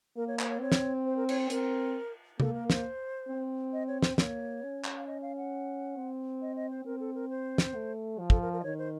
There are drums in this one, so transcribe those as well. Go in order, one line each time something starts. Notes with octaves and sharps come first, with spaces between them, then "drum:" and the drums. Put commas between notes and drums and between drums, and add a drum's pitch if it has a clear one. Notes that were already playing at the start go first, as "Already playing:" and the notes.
A#3 A#4
C#5
C5, drum: clap
C#5
C4 C#5
drum: snare
C5
A#4
C#5, drum: cymbal
C4 A#4, drum: hi-hat
A#3 A4, drum: tom C3
A#4
C5, drum: snare
C4
D#5
C#5
C5, drum: snare
A#3 C#5, drum: snare
C#4
drum: clap
F5
D#5
F5
F#5
C4
D#5
D#5
C5
C4 A#4
A4
A#4
C5
drum: snare
A3
F3
A4, drum: kick
A#4
A#4
D#5
D#3 C#5
C5